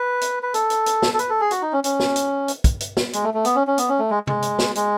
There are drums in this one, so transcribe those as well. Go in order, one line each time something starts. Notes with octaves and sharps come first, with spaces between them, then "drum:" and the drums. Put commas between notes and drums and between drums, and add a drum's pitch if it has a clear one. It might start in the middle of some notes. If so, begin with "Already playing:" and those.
Already playing: B4
drum: hi-hat
B4
A4, drum: hi-hat
drum: hi-hat
drum: hi-hat
drum: snare
A4
B4, drum: hi-hat
A4
G#4
F#4, drum: hi-hat
D#4
C#4
C#4, drum: hi-hat
drum: snare
drum: hi-hat
drum: hi-hat
drum: kick, hi-hat
drum: hi-hat
drum: snare
G#3, drum: hi-hat
A3
A3
B3, drum: hi-hat
C#4
C#4
B3, drum: hi-hat
C#4
A3
G#3
G#3, drum: tom C3
drum: hi-hat
drum: snare
G#3, drum: hi-hat